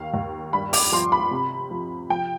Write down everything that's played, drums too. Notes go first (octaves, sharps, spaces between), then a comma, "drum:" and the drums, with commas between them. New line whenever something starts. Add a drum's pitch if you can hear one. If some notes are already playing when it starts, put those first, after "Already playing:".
Already playing: D#2 F5
D#2
G2 B5
D6, drum: open hi-hat
F3 C6
B5
C3
F3
F3 G5